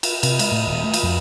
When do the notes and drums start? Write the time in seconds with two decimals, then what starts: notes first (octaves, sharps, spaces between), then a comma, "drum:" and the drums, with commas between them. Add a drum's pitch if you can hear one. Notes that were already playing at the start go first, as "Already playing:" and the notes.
0.03 drum: cymbal
0.23 C3, drum: cymbal
0.39 G#3, drum: cymbal
0.51 A2
0.67 D#1
0.84 A3
0.94 drum: cymbal
1.03 F2